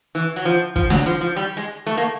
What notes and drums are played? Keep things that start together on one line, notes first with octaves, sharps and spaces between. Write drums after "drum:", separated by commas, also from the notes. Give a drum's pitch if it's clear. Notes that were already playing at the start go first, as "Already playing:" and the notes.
E3
F#3
F3
F3, drum: kick
F#3, drum: snare
F3
F3
G3
G#3
A3
A#3